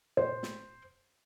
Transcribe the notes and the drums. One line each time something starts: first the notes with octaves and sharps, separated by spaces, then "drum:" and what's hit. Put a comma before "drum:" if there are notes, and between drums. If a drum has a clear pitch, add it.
C5, drum: tom A#2
drum: snare